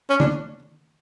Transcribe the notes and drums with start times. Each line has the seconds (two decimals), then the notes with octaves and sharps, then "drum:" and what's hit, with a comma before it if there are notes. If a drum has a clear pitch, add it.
0.10 C#4
0.20 D4, drum: tom D3